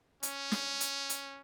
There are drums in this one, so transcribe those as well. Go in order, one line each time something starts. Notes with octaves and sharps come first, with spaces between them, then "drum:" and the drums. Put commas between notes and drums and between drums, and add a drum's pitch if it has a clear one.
C#4, drum: hi-hat
drum: snare
drum: hi-hat
drum: hi-hat